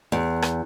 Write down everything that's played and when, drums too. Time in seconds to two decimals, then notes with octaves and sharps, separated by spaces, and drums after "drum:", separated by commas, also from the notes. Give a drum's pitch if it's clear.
0.12 E2
0.42 drum: rim click